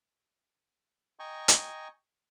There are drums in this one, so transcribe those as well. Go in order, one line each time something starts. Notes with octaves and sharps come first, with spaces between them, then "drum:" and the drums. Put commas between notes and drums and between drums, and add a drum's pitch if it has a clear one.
D#5 G5 G#5 A#5 C#6
drum: hi-hat